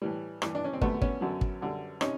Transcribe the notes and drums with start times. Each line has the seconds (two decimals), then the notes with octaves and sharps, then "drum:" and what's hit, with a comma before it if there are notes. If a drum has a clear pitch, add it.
0.02 A2 E3 G3
0.42 G2 E3 G3, drum: rim click
0.55 D4
0.64 C#4
0.73 C4
0.81 F#2 D3 G3 A3 B3, drum: kick
1.02 B3 C#4, drum: kick
1.21 F#2 D3 F#3
1.41 drum: kick
1.62 F#2 D3 G3
2.01 C3 C#4 D#4, drum: rim click